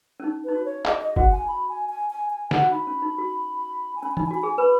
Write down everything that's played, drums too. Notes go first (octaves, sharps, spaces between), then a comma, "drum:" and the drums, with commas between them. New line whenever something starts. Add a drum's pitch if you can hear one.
C#4
D#4
D#4 B4
F#4
C#5
G#4 D#5, drum: clap
D#5
F#4 F#5, drum: kick
G#5
B5
G#5
G#5
G#5
G#5
F#5, drum: snare
F#4
D#4 B5
C#4
D#4
F#4
G#5
C#4 B5
G#5
D#4 B5, drum: tom E3
G#5
F#4 B5
G#4 G#5
B4 B5